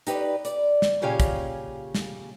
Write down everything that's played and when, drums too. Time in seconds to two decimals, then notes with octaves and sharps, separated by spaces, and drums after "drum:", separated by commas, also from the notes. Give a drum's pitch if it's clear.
0.07 D#4 G4 B4 D5, drum: hi-hat
0.45 D5, drum: hi-hat
0.82 drum: snare
1.02 A#2 C#3 C#4 G4 F5 G#5
1.20 drum: kick, hi-hat
1.95 drum: snare